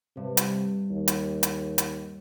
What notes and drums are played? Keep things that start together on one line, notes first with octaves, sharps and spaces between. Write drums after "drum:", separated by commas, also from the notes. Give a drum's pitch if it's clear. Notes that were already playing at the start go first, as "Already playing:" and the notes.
G2 C3
drum: hi-hat
D#2
drum: hi-hat
drum: hi-hat
drum: hi-hat